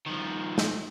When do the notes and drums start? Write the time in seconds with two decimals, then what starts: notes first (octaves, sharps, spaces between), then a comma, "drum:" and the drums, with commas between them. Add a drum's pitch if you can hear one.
0.06 D#3 F3
0.58 drum: snare